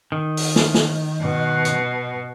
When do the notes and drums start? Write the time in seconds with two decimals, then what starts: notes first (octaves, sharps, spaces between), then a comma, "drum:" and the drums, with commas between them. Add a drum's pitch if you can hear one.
0.12 D#3
0.37 drum: open hi-hat
0.56 drum: snare
0.74 drum: snare
1.22 B2
1.65 drum: hi-hat